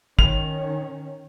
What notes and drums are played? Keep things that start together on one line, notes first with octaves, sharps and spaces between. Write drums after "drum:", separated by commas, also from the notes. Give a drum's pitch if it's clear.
D#3 C#4 F7, drum: kick